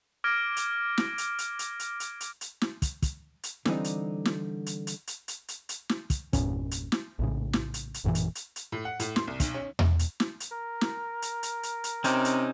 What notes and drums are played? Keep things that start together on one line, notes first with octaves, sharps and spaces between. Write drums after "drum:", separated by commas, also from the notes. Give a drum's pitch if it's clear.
D6 F6 G#6 A#6 D7
drum: hi-hat
drum: snare
drum: hi-hat
drum: hi-hat
drum: hi-hat
drum: hi-hat
drum: hi-hat
drum: hi-hat
drum: hi-hat
drum: snare
drum: kick, hi-hat
drum: kick, hi-hat
drum: hi-hat
D3 E3 G3 C4 D#4, drum: snare
drum: hi-hat
drum: snare
drum: hi-hat
drum: hi-hat
drum: hi-hat
drum: hi-hat
drum: hi-hat
drum: hi-hat
drum: snare
drum: kick, hi-hat
G1 E2 A#2 C#4, drum: kick, hi-hat
drum: hi-hat
drum: snare
A#1 A2 C#3
drum: snare
drum: hi-hat
drum: hi-hat
A1 F#2 A#2 E3
drum: hi-hat
drum: hi-hat
drum: hi-hat
A2
F#5
A2, drum: hi-hat
C6, drum: snare
C2
B1, drum: kick, hi-hat
C#4
drum: tom E2
drum: hi-hat
drum: snare
drum: hi-hat
A#4
drum: snare
drum: hi-hat
drum: hi-hat
drum: hi-hat
drum: hi-hat
C3 C4 C#4 D#4, drum: hi-hat
drum: hi-hat